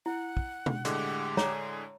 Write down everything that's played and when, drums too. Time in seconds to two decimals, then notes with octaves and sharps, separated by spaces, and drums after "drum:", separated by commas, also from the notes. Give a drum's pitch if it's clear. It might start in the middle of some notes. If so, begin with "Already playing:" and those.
0.06 E4 F#5
0.37 drum: kick
0.66 drum: tom B2
0.85 A2 D3 G#3 G4, drum: hi-hat
1.37 G#4 C#5 A#5, drum: snare